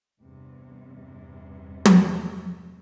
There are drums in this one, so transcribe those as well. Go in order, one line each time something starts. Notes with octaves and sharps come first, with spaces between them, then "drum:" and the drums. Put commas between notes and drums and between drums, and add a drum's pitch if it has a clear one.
E2 G2 C3
drum: tom